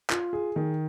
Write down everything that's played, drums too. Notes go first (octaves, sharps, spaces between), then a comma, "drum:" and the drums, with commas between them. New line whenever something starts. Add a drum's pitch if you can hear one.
F4, drum: clap
G#4
D#3